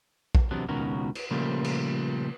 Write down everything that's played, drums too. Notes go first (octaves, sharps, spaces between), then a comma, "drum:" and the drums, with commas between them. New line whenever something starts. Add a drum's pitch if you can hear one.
drum: kick A#1
E2 C3 F#3 B3 D4
C#2 B2 D#3 C#4 F#4 A#4
drum: cymbal
A#2 C#3 F3 G3 A3 A#3
drum: cymbal